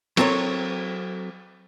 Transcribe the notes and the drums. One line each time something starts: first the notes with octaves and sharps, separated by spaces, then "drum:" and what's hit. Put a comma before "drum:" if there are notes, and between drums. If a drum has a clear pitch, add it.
F#3 C4 A4 A#4 C#5, drum: cymbal